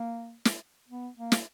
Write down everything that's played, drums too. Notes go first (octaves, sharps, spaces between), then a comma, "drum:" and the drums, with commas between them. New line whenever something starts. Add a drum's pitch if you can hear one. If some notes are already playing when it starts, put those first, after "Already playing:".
Already playing: A#3
drum: snare
B3
A#3
drum: snare